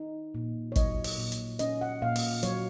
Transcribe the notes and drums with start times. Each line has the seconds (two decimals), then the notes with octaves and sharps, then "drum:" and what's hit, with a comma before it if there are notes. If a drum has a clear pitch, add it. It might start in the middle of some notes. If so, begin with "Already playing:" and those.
Already playing: D#4
0.35 A#2
0.72 C#5
0.76 F#3 D#5, drum: kick, hi-hat
1.04 drum: open hi-hat
1.18 A#2
1.32 drum: hi-hat
1.59 C#4 D#5, drum: hi-hat
1.81 F#5
2.02 A#2 F5
2.16 drum: open hi-hat
2.43 F#3 C#5, drum: hi-hat